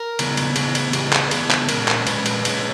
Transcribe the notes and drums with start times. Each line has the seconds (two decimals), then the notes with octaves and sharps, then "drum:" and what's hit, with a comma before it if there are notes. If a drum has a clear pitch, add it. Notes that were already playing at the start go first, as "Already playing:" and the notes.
Already playing: A#4
0.19 C#3 E3 G#3 B3, drum: cymbal
0.37 drum: cymbal
0.56 C#3 E3 G#3 B3 G#4, drum: cymbal
0.75 drum: cymbal
0.93 C#3 E3 G#3 B3 G4, drum: cymbal
1.13 G#4, drum: clap
1.31 C#3 E3 G#3 B3 G#4, drum: cymbal
1.50 drum: clap
1.69 A#2 G#3 C#4 A#4, drum: cymbal
1.88 drum: clap
2.07 A#2 G#3 C#4 B4, drum: cymbal
2.26 drum: cymbal
2.45 A#2 G#3 C#4, drum: cymbal